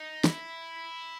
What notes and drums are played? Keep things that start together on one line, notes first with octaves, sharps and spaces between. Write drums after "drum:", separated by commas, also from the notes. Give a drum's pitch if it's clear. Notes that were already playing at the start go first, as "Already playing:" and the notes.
Already playing: D#4
E4, drum: snare